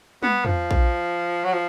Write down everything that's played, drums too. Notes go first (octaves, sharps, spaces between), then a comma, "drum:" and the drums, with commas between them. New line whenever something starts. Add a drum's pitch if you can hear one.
B3, drum: tom
F3, drum: tom E2
drum: kick A#1
F#3
F3